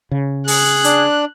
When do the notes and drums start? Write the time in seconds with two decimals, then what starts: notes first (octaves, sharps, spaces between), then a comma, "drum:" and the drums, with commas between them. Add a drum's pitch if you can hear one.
0.11 C#3
0.48 G#4 F#6, drum: open hi-hat
0.84 D4, drum: hi-hat